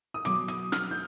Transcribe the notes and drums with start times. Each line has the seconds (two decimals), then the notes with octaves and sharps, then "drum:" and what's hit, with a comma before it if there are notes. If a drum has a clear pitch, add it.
0.14 D#6
0.25 B2 F#3 D6, drum: hi-hat
0.48 D#6, drum: hi-hat
0.72 F6, drum: snare
0.91 G6